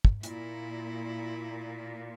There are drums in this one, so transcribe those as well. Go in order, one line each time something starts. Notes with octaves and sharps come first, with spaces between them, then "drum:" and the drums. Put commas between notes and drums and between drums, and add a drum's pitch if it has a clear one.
drum: kick
A#2 E4, drum: hi-hat